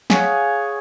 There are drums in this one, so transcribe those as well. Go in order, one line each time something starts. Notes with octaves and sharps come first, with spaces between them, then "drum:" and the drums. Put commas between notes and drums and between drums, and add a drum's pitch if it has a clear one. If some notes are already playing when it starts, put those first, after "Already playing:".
G#4 C#5 F5 F#5, drum: snare